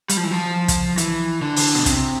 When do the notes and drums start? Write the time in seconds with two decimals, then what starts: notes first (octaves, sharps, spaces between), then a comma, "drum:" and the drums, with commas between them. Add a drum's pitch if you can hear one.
0.09 G3, drum: hi-hat
0.17 F3
0.24 E3
0.31 F3
0.68 drum: kick, hi-hat
0.98 E3, drum: hi-hat
1.42 D3
1.56 drum: open hi-hat
1.75 B2
1.86 C3, drum: kick, hi-hat